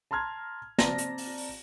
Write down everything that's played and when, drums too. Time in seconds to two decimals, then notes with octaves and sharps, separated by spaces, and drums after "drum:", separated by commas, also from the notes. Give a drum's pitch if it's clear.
0.11 A5 A#5 C6 F6 G#6
0.78 C4 D5 A5 A#5 A#6, drum: snare
0.98 drum: hi-hat
1.18 drum: open hi-hat
1.37 drum: open hi-hat